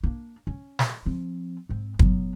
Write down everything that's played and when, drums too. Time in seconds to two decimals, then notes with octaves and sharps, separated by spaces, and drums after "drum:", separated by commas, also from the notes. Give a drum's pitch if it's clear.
0.03 A#3 D4
0.47 C#4
0.79 drum: snare
1.06 F3 C4
1.69 G#2 C4
1.99 F#3 B3, drum: kick